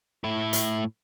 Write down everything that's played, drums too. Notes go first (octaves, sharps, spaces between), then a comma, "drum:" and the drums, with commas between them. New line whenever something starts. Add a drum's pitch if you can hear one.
A2 E4
drum: hi-hat